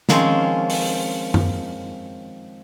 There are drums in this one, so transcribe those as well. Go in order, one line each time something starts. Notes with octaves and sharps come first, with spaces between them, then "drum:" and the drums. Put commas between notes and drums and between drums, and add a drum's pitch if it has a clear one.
D#3 F3 G#3 C4 C#4, drum: snare
drum: open hi-hat
drum: tom F#2